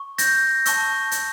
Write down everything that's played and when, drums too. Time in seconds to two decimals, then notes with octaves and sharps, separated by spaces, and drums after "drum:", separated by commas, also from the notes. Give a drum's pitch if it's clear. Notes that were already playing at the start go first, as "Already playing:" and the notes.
Already playing: C#6
0.18 G6 A#6, drum: hi-hat
0.66 A5 C#6 E6, drum: hi-hat
1.11 drum: hi-hat